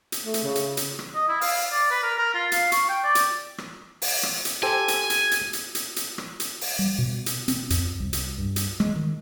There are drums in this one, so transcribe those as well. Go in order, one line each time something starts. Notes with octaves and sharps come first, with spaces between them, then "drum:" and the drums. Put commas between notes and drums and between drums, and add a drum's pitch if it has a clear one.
drum: hi-hat
A3
drum: hi-hat
C#3
drum: hi-hat
drum: hi-hat
drum: rim click
D#5
E4
F5, drum: open hi-hat
D5
B4
A#4
A#4
F4
F5, drum: hi-hat
C#6, drum: hi-hat
G5
D5
drum: hi-hat
drum: rim click
drum: open hi-hat
drum: rim click
drum: hi-hat
G4 A4 C5 G#5
drum: hi-hat
drum: hi-hat
drum: hi-hat
drum: hi-hat
drum: hi-hat
drum: hi-hat
drum: rim click
drum: hi-hat
drum: open hi-hat
G3
B2
drum: hi-hat
C4, drum: hi-hat
F2, drum: hi-hat
C2
drum: hi-hat
G2
drum: hi-hat
G#3, drum: rim click
D#3